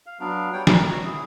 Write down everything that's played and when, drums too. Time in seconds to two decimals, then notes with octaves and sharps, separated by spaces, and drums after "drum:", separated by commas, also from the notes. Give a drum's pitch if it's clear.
0.06 F5
0.20 F#3 B3 D4 F5
0.53 G3 C#5 G5
0.67 D#4 E4 C#5, drum: snare
0.86 F#4
1.04 E4 G#4